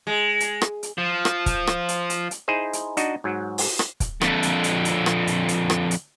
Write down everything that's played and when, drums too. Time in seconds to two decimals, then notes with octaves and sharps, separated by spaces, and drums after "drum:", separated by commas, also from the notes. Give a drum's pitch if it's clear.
0.07 G#3
0.40 drum: hi-hat
0.62 drum: rim click
0.83 drum: hi-hat
0.98 F3
1.25 drum: rim click
1.46 drum: kick, hi-hat
1.67 drum: rim click
1.89 drum: hi-hat
2.10 drum: hi-hat
2.31 drum: hi-hat
2.48 D#4 E4 G#4 C5
2.73 drum: hi-hat
2.97 D4 D#4 F#4 D#5, drum: hi-hat
3.24 G#2 F#3
3.58 drum: open hi-hat
3.79 drum: rim click
4.00 drum: kick, hi-hat
4.21 F2 D3, drum: rim click
4.43 drum: hi-hat
4.64 drum: hi-hat
4.85 drum: hi-hat
5.06 drum: rim click
5.27 drum: hi-hat
5.49 drum: hi-hat
5.70 drum: rim click
5.91 drum: hi-hat